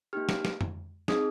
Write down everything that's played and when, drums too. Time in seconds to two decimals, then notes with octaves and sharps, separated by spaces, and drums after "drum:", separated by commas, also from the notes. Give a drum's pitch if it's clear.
0.13 A#3 D#4 G4 F6
0.29 drum: snare
0.45 drum: snare
0.61 drum: tom F2
1.08 C4 D#4 G#4 D#6, drum: snare